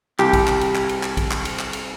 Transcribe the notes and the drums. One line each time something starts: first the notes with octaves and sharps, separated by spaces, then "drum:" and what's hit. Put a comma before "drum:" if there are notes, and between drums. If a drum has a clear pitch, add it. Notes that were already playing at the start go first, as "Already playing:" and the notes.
C2 G4, drum: clap
drum: kick A#1, cymbal
drum: clap
drum: cymbal
drum: clap
drum: cymbal
drum: clap
drum: kick A#1, cymbal
drum: clap
drum: cymbal
drum: clap
drum: cymbal